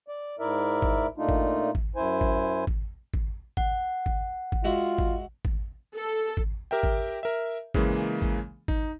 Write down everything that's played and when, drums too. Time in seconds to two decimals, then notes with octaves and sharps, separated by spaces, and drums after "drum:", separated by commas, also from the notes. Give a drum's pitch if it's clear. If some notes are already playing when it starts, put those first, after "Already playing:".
0.08 D5
0.39 G#2 E4 A#4 D5 E5
0.82 drum: kick G#1
1.18 A#2 A3 D4 D#4 F4
1.29 drum: kick G#1
1.75 drum: kick G#1
1.96 F#2 E4 C5 G#5
2.21 drum: kick G#1
2.67 drum: kick G#1
3.14 drum: kick G#1
3.57 F#5, drum: kick G#1
4.06 drum: kick G#1
4.52 drum: kick G#1
4.64 G#3 F4 F#4 E5
4.98 drum: kick G#1
5.45 drum: kick G#1
5.96 A4
6.37 drum: kick G#1
6.71 G4 A#4 E5 G5
6.83 drum: kick G#1
7.23 A#4 E5
7.74 C#3 E3 G#3 A#3, drum: kick G#1
8.22 drum: kick G#1
8.68 D#4, drum: kick G#1